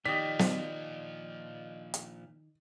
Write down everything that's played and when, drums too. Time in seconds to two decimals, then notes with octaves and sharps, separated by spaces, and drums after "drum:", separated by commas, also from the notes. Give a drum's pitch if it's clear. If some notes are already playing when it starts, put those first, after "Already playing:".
0.05 A#2 D#3 F3 G4 D5 D#5 B6
0.39 drum: snare
1.94 drum: hi-hat